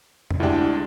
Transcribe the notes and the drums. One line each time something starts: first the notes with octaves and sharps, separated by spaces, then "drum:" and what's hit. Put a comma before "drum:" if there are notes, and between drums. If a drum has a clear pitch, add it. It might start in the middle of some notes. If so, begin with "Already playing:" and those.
drum: tom F2
D2 G#3 D4 E4 G4